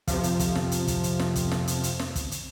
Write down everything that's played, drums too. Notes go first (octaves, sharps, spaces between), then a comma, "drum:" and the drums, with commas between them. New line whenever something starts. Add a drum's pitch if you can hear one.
F2 C3 F3, drum: kick, hi-hat
drum: hi-hat
drum: kick, hi-hat
drum: snare
drum: hi-hat
drum: kick, hi-hat
drum: hi-hat
drum: snare
drum: kick, hi-hat
drum: snare
drum: hi-hat
drum: hi-hat
drum: snare
drum: kick, hi-hat
drum: hi-hat